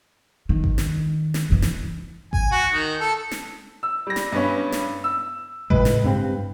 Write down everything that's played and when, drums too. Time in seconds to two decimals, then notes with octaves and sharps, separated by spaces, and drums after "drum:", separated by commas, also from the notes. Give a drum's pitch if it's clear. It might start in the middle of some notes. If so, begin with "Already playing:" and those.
0.49 D#3
0.64 drum: kick G#1
0.78 drum: snare
1.34 drum: snare
1.50 F#2 E3
1.62 drum: snare
2.33 G#5, drum: kick G#1
2.52 F#4
2.72 D#3
3.00 A4
3.31 drum: snare
3.83 E6
4.07 G3 A#6
4.16 drum: snare
4.32 G2 B3 C#4
4.72 drum: snare
5.04 E6
5.70 A2 C#3 G#3 B4, drum: kick G#1
5.85 drum: snare
6.04 G2 C4